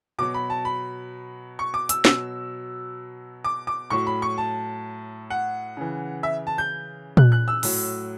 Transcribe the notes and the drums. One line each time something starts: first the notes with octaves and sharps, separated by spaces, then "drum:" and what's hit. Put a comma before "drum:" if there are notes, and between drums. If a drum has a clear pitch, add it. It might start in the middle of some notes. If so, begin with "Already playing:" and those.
B2 F#3 D6
B5
A5
B5
C#6
D6
E6, drum: hi-hat
B2 F#3 E6, drum: snare
D6
D6
A2 F#3 C#6
B5
C#6
A5
F#5
C#3 E3
E5
A5
G6
F#6, drum: tom A#2
F#6
E6
A2 F#3, drum: open hi-hat